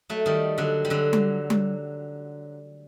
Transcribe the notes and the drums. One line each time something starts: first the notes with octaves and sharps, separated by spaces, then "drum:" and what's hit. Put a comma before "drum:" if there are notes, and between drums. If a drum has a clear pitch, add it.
F#3 A3
D#3 G3
D3 F#3
G3
D3 F#3
drum: tom G3
drum: tom G3